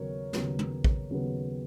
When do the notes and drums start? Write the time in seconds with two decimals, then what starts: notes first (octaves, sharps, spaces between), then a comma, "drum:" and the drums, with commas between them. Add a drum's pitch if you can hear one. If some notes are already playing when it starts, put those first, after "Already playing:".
Already playing: D#2 C#3 F#3 B3 A#4 C#5
0.33 D#2 C#3 F#3 B3, drum: snare
0.59 drum: tom
0.84 drum: kick
1.11 D#2 C#3 F#3 B3